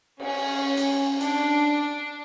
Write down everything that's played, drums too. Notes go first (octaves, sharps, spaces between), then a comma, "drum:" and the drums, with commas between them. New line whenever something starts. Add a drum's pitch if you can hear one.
C#4, drum: cymbal
drum: hi-hat
D4, drum: hi-hat